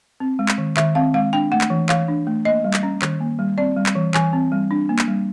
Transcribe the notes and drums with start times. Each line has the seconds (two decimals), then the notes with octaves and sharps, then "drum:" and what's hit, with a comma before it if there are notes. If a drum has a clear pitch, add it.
0.20 C4
0.39 G#3
0.49 drum: clap
0.58 D#3
0.77 D#3 E5, drum: clap
0.95 C4 F5
1.14 G#3 F5
1.33 D4 G5
1.52 A3 F#5
1.61 drum: clap
1.70 E3
1.89 E3 F5, drum: clap
2.08 D4
2.27 A3
2.45 A#3 D#5
2.64 G3
2.74 drum: clap
2.83 C#4
3.02 D#3, drum: clap
3.21 A#3
3.39 G3
3.58 C4 D5
3.76 G3
3.86 drum: clap
3.95 E3
4.14 E3 G#5, drum: clap
4.33 C4
4.52 G3
4.71 D4
4.89 A#3
4.99 drum: clap
5.08 G3